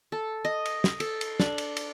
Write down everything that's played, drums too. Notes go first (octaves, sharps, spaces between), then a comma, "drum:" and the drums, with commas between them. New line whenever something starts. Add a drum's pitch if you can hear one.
A4
D#5
drum: cymbal
drum: snare
A4, drum: cymbal
drum: cymbal
D4, drum: snare
drum: cymbal
drum: cymbal